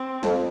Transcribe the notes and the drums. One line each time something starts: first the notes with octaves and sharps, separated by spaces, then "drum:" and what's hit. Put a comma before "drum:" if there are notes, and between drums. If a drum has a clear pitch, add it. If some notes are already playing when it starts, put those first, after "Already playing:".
Already playing: C4
F2, drum: snare